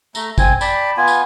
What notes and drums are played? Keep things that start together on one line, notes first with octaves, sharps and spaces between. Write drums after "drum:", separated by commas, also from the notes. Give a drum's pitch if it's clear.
A3 A#5, drum: tambourine
C4 G#5, drum: kick, tambourine
D5 G5 A5 B5, drum: tambourine
B3 F4 G#5
drum: tambourine